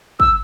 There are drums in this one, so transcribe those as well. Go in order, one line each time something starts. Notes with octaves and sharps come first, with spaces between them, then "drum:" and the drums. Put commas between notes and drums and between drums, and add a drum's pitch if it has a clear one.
E6, drum: kick